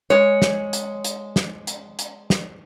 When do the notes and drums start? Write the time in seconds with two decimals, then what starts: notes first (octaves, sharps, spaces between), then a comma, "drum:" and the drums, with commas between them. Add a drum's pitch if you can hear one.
0.10 G#3 C#5
0.42 drum: snare
0.73 drum: hi-hat
1.04 drum: hi-hat
1.36 drum: snare
1.67 drum: hi-hat
1.99 drum: hi-hat
2.30 drum: snare